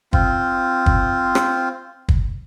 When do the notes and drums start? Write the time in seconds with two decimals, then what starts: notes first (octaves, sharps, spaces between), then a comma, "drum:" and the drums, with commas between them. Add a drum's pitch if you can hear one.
0.13 C4 F4, drum: kick
0.86 drum: kick
1.35 drum: rim click
2.09 drum: kick